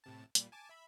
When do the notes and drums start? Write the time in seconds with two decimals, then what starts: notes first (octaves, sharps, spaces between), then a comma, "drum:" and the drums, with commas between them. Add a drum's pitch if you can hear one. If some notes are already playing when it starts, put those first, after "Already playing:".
0.04 A2 C3 A5
0.35 A#2 G3, drum: hi-hat
0.52 G#5 A5 D6
0.69 E5 B5